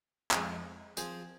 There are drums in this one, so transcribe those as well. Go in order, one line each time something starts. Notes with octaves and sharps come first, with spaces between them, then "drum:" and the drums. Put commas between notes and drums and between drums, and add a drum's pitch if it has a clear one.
F2 F3 G#3, drum: clap
F3 C4 G#4 C5, drum: tambourine